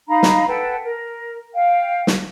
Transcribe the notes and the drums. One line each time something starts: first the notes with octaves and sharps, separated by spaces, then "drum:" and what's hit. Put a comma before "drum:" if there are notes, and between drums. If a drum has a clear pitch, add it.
D#4 F5 A#5 B5
drum: snare
A4 B4 F#5 G5
A#4
F5 G5
drum: snare